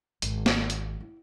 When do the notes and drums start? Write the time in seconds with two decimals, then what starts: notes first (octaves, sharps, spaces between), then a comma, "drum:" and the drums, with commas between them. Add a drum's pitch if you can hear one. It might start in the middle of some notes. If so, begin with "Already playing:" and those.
0.22 G#1, drum: hi-hat
0.46 drum: snare
0.70 drum: hi-hat
1.01 E4